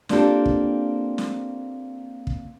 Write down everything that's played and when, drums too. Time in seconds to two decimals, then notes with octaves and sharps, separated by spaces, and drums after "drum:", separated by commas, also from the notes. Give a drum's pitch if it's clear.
0.09 A#3 C4 D4 F4 G4 A4, drum: snare
0.46 drum: kick
1.18 drum: snare
2.27 drum: kick